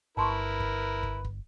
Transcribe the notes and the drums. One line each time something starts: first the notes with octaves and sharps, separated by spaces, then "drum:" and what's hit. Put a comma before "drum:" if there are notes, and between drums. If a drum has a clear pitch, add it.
G1 E4 A#4 B4 A5 C6 C#6
drum: kick
drum: kick
drum: kick